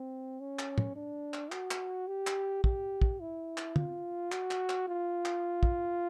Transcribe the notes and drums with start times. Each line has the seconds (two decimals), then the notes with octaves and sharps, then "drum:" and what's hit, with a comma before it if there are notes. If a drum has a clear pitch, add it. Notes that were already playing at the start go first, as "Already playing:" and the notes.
Already playing: C4
0.40 C#4
0.59 drum: clap
0.78 drum: tom
0.96 D4
1.34 drum: clap
1.52 F#4, drum: clap
1.71 drum: clap
2.08 G4
2.27 drum: clap
2.64 G4, drum: kick
3.01 drum: kick
3.20 E4
3.57 drum: clap
3.76 F4, drum: tom
4.32 F#4, drum: clap
4.51 drum: clap
4.69 drum: clap
4.88 F4
5.25 drum: clap
5.63 drum: kick